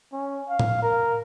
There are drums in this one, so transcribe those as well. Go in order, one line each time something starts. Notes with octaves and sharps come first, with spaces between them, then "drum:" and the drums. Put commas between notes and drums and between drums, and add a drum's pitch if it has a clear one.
C#4
F5
drum: tom A2
A#4